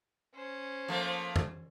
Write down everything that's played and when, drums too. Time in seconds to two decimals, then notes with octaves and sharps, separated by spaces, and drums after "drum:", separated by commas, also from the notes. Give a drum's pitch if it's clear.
0.35 C#4 C5
0.88 F3 A3 A#3
1.36 drum: tom F2